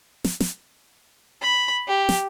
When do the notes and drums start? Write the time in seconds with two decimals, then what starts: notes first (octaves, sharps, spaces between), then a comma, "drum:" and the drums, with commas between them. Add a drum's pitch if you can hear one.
0.24 drum: snare
0.40 drum: snare
1.42 B5
1.88 G4
2.09 drum: snare